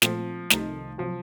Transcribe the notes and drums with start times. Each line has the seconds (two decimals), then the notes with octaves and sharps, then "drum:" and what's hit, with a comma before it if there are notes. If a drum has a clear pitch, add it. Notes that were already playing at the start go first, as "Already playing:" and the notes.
0.02 A#2 F3 A3 C4, drum: snare
0.50 C2 C3 D#3 A3 D#4, drum: snare
0.98 C3 F3 F#3